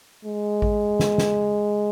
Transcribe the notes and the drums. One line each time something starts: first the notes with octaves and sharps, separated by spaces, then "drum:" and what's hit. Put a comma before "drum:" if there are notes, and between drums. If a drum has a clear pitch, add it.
G#3
drum: kick A1
drum: snare
drum: snare